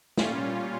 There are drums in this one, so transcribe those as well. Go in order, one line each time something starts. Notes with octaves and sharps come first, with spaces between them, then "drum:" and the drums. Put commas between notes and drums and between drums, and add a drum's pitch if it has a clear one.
A#2 G3 C#4 F4, drum: snare